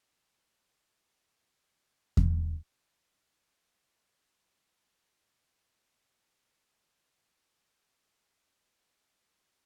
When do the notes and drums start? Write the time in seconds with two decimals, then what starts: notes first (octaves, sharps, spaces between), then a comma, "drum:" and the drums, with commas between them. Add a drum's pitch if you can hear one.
0.24 C2 C#5 A5 C6 B6
2.17 drum: kick E2
3.94 G2
5.82 A5
7.15 B5
8.04 F5
8.19 D#6
8.53 D#6
8.86 G7
9.15 F#6